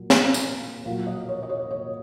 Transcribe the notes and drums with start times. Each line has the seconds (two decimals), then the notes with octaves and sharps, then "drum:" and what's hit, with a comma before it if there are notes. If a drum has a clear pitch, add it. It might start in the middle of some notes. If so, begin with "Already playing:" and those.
Already playing: A#2 F#3
0.10 drum: snare
0.22 F5
0.34 drum: tambourine
0.85 A#2 F#3 F5
1.07 D#5
1.29 C#5
1.43 D#5
1.50 C#5
1.71 C#5